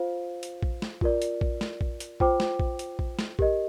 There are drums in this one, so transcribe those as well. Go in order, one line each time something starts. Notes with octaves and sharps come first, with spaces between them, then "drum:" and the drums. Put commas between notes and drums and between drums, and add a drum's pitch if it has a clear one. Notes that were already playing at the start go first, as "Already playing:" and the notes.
Already playing: F4 C5 F5
drum: hi-hat
drum: kick A#1
drum: snare
F4 A#4 D5, drum: kick A#1
drum: hi-hat
drum: kick A#1
drum: snare
drum: kick A#1
drum: hi-hat
F4 C5 G5 D6, drum: kick A#1
drum: snare
drum: kick A#1
drum: hi-hat
drum: kick A#1
drum: snare
G4 A#4 D#5, drum: kick A#1